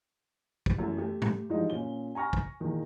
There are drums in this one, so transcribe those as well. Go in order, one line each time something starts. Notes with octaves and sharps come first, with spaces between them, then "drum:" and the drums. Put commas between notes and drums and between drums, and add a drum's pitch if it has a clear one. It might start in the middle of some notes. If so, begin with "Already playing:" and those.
drum: kick
F#2 E3 A3
A3 G4
drum: tom G#2
G#2 E3 F3 G3 D#4
A#2 C#4 G7
G#5 A#5 C#6 F6 A#6
drum: kick
E2 A#2 D#3